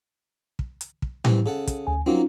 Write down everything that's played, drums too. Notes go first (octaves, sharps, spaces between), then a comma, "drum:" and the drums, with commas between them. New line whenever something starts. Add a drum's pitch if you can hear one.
drum: kick
drum: hi-hat
drum: kick
C2 E3 C4, drum: tom A2
C#3 A4 F#5
drum: kick, hi-hat
D2 G#5
F#3 A#3 C4 C#4 D#4 F4